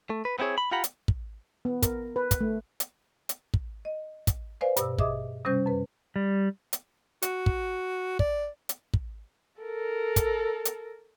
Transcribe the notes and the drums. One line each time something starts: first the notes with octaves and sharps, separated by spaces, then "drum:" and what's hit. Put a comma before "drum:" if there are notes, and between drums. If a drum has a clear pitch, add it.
A3
B4
B3 C4 E4 G#4 C#5
B5
F4 G4 F#5 A#5 B5
drum: hi-hat
drum: kick
B3
A#4, drum: kick, hi-hat
B4
drum: kick, hi-hat
A3
drum: hi-hat
drum: hi-hat
drum: kick
D#5
drum: kick, hi-hat
B4 C5 D5 F5 G#5
G2 B2 E6, drum: hi-hat
G#4 D#5 E5 D6 D#6, drum: kick
C3 G3 C#4 C5 G6
F#2 B4
G3
drum: hi-hat
F#4, drum: hi-hat
drum: kick
D5, drum: kick
drum: hi-hat
drum: kick
A4 A#4
drum: kick, hi-hat
drum: hi-hat